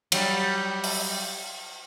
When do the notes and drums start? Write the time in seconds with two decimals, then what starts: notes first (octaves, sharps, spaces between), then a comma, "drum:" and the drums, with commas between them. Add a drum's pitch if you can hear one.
0.12 F#3 G3, drum: cymbal
0.84 drum: open hi-hat